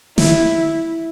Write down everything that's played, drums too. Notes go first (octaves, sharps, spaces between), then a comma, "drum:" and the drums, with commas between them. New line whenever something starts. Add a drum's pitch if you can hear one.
E4, drum: snare